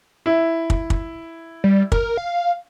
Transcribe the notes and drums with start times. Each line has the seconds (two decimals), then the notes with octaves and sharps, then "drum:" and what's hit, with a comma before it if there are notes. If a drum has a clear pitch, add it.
0.26 E4
0.70 drum: kick
0.90 drum: kick
1.64 G3
1.92 A#4, drum: kick
2.17 F5